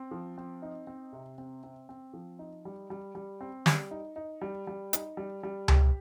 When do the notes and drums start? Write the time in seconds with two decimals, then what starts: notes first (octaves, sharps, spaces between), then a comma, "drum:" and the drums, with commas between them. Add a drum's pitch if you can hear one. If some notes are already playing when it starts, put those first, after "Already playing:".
Already playing: C4
0.11 F3
0.38 C4
0.62 D#4
0.87 C4
1.13 C3
1.38 C4
1.64 C4
1.89 C4
2.14 F3
2.39 D#4
2.65 G3
2.90 G3
3.15 G3
3.41 C4
3.66 G3, drum: snare
3.91 D#4
4.16 D#4
4.41 G3
4.67 G3
4.93 D#4, drum: hi-hat
5.17 G3
5.43 G3
5.68 G4, drum: tom C#2